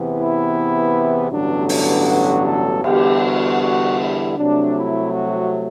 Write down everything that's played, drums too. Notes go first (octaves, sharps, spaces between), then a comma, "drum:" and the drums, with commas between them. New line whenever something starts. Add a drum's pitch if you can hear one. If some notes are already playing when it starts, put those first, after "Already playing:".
Already playing: E2 C3 E3 B3
E4
A1 G2 D3 F#3 B3 D4
D4, drum: open hi-hat
F#4
A4
E2 D3 G3 B3 G4, drum: cymbal
F#4
F#4
E4
C2 C3 F#3 A3 D4
E4
F#4